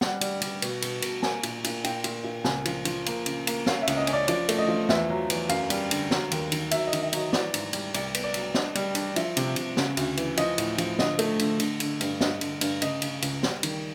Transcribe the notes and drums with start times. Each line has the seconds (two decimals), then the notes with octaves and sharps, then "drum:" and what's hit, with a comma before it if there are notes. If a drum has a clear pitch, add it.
0.01 G3 F#5, drum: snare
0.21 G3, drum: cymbal
0.42 G3, drum: cymbal
0.62 B2, drum: cymbal
0.82 B2, drum: cymbal
1.02 B2, drum: cymbal
1.23 A#3 G#5, drum: snare
1.43 A#2, drum: cymbal
1.64 A#2, drum: cymbal
1.84 A#2 G5, drum: cymbal
2.04 A#2, drum: cymbal
2.24 A#2
2.44 C#2 G#5, drum: snare
2.65 F3, drum: cymbal
2.85 F3, drum: cymbal
3.06 A#3, drum: cymbal
3.26 C#3, drum: cymbal
3.47 A#3, drum: cymbal
3.66 C#4 F5, drum: snare
3.82 E5
3.87 C#2, drum: cymbal
3.97 D#5
4.07 C#4, drum: cymbal
4.13 D5
4.28 F3 D5, drum: cymbal
4.49 A3, drum: cymbal
4.58 D#5
4.69 F3
4.89 E2 E5, drum: snare
5.10 F#3
5.30 E2, drum: cymbal
5.49 F#2 F5, drum: cymbal
5.70 G3, drum: cymbal
5.91 D3, drum: cymbal
6.11 F#3, drum: snare
6.31 D#2, drum: cymbal
6.52 D#3, drum: cymbal
6.71 F#3 E5, drum: cymbal
6.87 D#5
6.93 D#3, drum: cymbal
7.03 E5
7.13 F#3 D#5, drum: cymbal
7.33 E3 D5, drum: snare
7.54 G#2, drum: cymbal
7.73 G3, drum: cymbal
7.94 C2 D5, drum: cymbal
8.14 B3, drum: cymbal
8.24 D5
8.34 F#3, drum: cymbal
8.54 D4 D#5, drum: snare
8.75 G3, drum: cymbal
8.95 D4, drum: cymbal
9.16 F3 E5, drum: cymbal
9.37 C3, drum: cymbal
9.56 C3, drum: cymbal
9.77 C#3, drum: snare
9.97 D2, drum: cymbal
10.17 E3, drum: cymbal
10.37 F3 D#5, drum: cymbal
10.58 A2, drum: cymbal
10.78 F3, drum: cymbal
10.99 D3 D#5, drum: snare
11.19 A3, drum: cymbal
11.39 D3, drum: cymbal
11.60 D3, drum: cymbal
11.80 D3, drum: cymbal
12.01 G2, drum: cymbal
12.21 G2 D#5, drum: snare
12.41 D3, drum: cymbal
12.61 G2, drum: cymbal
12.82 C#3 D#5, drum: cymbal
13.02 C#3, drum: cymbal
13.22 C#2, drum: cymbal
13.43 G3, drum: snare
13.63 D#3, drum: cymbal